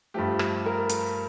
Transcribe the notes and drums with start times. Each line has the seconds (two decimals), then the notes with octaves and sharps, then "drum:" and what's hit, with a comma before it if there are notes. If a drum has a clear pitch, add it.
0.14 G2 F3 A3 G4
0.39 drum: rim click
0.66 A#4
0.89 drum: hi-hat